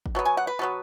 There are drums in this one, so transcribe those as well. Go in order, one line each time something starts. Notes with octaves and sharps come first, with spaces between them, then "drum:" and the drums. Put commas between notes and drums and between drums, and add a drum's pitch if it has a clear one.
drum: kick
B2 F#3 B3
G#5
F#5
B4
B2 F#3 B3